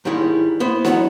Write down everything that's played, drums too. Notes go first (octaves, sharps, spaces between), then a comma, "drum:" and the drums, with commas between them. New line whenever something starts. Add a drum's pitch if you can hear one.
G#2 D#3 G3 G#3 E4
B3 E4 C5
F#3 B3 E4 F#4 C#5, drum: snare